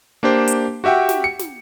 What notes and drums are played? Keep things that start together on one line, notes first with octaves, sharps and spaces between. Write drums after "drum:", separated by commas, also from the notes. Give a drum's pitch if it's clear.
A#3 D4 G4 C5
drum: hi-hat
F#4 G4 E5 F#5 G5
drum: snare
C#7
drum: snare